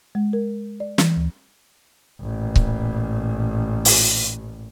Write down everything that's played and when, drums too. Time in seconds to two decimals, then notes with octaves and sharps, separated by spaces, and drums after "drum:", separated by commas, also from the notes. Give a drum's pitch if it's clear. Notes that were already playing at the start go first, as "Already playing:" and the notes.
0.15 G#3
0.33 A#4
0.80 D5
0.98 E3, drum: snare
1.16 D2
2.22 A1 A#2
2.56 drum: kick C#1
3.85 drum: open hi-hat